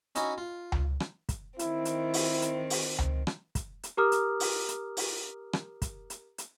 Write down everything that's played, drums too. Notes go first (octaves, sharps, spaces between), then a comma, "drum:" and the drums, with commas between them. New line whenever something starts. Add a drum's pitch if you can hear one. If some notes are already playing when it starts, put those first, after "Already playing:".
C#4 D#4 E4 F#4 G#5, drum: hi-hat
F4
drum: tom C#2
drum: rim click
drum: kick, hi-hat
D#3 C4 E4, drum: hi-hat
drum: hi-hat
drum: open hi-hat
drum: hi-hat
drum: open hi-hat
drum: tom C#2
drum: rim click
drum: kick, hi-hat
drum: hi-hat
G4 A#4 A#5 D6 D#6 F6
drum: hi-hat
drum: open hi-hat
drum: hi-hat
drum: open hi-hat
drum: rim click
drum: kick, hi-hat
drum: hi-hat
drum: hi-hat